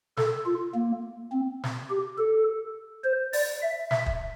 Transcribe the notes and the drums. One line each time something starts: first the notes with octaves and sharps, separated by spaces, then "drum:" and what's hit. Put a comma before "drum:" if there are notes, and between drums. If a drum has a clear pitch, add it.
A4, drum: snare
F4
A#3
C4
drum: snare
G4
A4
C5
D5, drum: open hi-hat
E5
E5, drum: snare
drum: kick